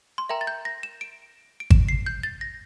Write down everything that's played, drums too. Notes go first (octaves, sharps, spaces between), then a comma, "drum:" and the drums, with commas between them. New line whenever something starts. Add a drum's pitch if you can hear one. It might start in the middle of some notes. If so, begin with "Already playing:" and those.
C6
A#4 E5 G5 A#5
A6
G6
A#6
E7
D7
D7
E7, drum: kick G#1
C7
G6
A6
A#6